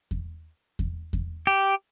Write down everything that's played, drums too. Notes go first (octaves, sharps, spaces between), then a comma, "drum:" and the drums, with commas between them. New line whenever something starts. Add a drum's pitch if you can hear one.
drum: kick E2
drum: kick E2
drum: kick E2
G4